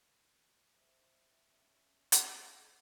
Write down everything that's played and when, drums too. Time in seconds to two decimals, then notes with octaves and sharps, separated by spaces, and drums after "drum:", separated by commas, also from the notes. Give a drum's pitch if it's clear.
0.76 C5 E5
1.54 C#4
2.12 drum: hi-hat